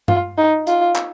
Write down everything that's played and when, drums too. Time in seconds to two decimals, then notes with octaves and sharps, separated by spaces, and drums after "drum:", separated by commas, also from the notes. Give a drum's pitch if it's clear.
0.08 F4, drum: tom G2
0.38 D#4
0.67 F4, drum: hi-hat
0.96 drum: clap